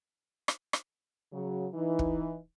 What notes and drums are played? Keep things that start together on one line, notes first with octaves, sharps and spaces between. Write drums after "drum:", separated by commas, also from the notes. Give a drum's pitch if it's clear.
drum: rim click
drum: rim click
C#3 F#3
E3 D#4
drum: kick